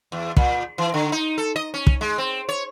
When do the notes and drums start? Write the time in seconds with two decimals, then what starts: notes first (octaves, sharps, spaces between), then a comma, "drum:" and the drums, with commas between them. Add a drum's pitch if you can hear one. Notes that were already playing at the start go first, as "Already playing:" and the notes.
0.12 E2
0.37 A#2, drum: kick
0.78 E3
0.94 D3
1.12 D#4
1.38 A4
1.56 D#5
1.74 C#4
1.87 drum: kick
2.01 G#3
2.18 C4
2.49 C#5